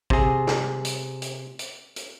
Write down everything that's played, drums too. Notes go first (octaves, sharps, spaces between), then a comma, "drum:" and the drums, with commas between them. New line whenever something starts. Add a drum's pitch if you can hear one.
C3 G#4, drum: kick
drum: snare
drum: hi-hat
drum: hi-hat
drum: hi-hat
drum: hi-hat